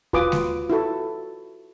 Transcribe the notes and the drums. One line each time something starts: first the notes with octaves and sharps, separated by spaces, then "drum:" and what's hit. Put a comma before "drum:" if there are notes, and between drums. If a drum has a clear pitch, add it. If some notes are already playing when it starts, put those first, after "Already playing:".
F4 F#4 B4 G#5 D6 D#6, drum: kick D#2
drum: snare G#3
E4 F#4 A4